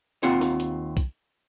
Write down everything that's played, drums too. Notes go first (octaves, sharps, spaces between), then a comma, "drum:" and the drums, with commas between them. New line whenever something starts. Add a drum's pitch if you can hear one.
D#2 C4 F4 F#5, drum: hi-hat
drum: snare
drum: hi-hat
drum: kick B1, hi-hat